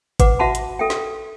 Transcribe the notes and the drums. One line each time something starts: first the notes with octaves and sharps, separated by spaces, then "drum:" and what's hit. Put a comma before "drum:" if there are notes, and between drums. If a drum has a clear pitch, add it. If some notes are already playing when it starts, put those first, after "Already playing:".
B4 F#5 D6, drum: kick G#1, hi-hat
F#4 E5 F#5 A5 B5
drum: hi-hat
A4 E5 G5
drum: snare